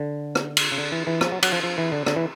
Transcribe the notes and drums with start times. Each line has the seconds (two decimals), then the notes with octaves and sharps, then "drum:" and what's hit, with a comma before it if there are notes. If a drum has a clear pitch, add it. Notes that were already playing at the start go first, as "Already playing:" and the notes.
Already playing: D3
0.35 drum: rim click
0.57 drum: cymbal
0.72 C#3
0.78 D3
0.92 E3
1.07 E3
1.21 F3, drum: rim click
1.32 F#3
1.43 F#3, drum: cymbal
1.52 F3
1.63 F3
1.78 E3
1.92 D3
2.06 D3, drum: rim click
2.16 E3